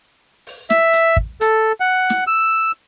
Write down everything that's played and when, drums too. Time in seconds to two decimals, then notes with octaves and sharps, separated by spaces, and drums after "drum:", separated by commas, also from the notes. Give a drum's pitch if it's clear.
0.47 drum: open hi-hat
0.70 E5, drum: snare
0.93 drum: hi-hat
1.17 drum: kick
1.41 A4, drum: hi-hat
1.80 F#5
2.10 drum: snare
2.27 E6